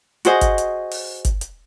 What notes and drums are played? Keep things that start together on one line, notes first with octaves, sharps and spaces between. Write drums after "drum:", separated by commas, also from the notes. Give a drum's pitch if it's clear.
F#4 G#4 C5 D#5, drum: hi-hat
drum: kick G1, hi-hat
drum: hi-hat
drum: open hi-hat
drum: kick G1, hi-hat
drum: hi-hat